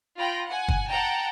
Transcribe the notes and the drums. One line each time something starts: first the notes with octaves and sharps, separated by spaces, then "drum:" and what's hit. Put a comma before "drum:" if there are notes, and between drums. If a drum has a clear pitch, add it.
F4 G5 B5 A#6
F#5 G#5
drum: kick
F#5 G5 A5 A#5